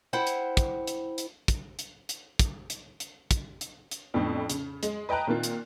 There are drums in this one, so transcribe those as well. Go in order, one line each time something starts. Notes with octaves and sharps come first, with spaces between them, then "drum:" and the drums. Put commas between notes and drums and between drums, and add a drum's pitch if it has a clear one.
E4 C5 F#5 G5
drum: hi-hat
drum: kick, hi-hat
drum: hi-hat
drum: hi-hat
drum: kick, hi-hat
drum: hi-hat
drum: hi-hat
drum: kick, hi-hat
drum: hi-hat
drum: hi-hat
drum: kick, hi-hat
drum: hi-hat
drum: hi-hat
F2 A2 D3 B3 C4 D#4
C#3, drum: hi-hat
G#3, drum: hi-hat
B4 D#5 G5 A5 A#5 F#6
A#2 D#3 A#3 C4 F4
drum: hi-hat